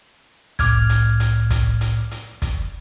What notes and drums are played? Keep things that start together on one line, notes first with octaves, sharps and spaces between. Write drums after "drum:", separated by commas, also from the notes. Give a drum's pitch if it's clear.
C2 A2 D6 F6 G#6, drum: kick, hi-hat
drum: hi-hat
drum: hi-hat
drum: kick, hi-hat
drum: hi-hat
drum: hi-hat
drum: kick, hi-hat